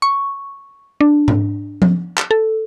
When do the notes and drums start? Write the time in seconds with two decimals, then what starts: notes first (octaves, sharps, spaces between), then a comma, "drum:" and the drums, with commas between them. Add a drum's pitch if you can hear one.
0.02 C#6
1.01 D4
1.28 drum: tom G#2
1.82 drum: tom F3
2.18 drum: clap
2.31 A4